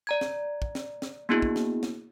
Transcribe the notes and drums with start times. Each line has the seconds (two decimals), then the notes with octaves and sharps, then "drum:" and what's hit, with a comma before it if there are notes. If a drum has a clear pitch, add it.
0.07 D5 A#5 G#6
0.21 drum: snare
0.62 drum: kick
0.75 drum: snare
1.02 drum: snare
1.29 A#3 B3 D4 E4 F#4 G#4
1.42 drum: kick
1.56 drum: snare
1.83 drum: snare